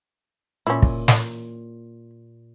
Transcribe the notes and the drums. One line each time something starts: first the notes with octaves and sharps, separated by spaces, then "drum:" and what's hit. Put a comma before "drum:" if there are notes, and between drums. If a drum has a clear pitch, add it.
A#2 C#4 E4
drum: kick
drum: snare